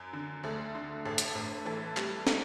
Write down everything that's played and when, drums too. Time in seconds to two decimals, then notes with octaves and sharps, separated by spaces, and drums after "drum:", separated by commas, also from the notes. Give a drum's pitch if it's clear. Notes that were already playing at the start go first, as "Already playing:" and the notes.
Already playing: F#2
0.13 D3
0.43 D2 A4
0.75 D3
1.06 A1 A4
1.18 drum: hi-hat
1.35 A1
1.65 E3 A4
1.97 G3, drum: clap
2.27 A4, drum: snare